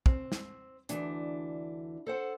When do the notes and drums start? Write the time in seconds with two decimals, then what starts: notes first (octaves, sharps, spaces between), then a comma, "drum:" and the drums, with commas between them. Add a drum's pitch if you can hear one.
0.06 C4, drum: kick
0.32 drum: snare
0.89 D2 E3 D4, drum: hi-hat
2.07 A4 C5 F#5